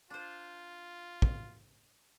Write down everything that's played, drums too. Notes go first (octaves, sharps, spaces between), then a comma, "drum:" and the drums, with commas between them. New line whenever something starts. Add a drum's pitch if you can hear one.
D4 F4 C5
drum: kick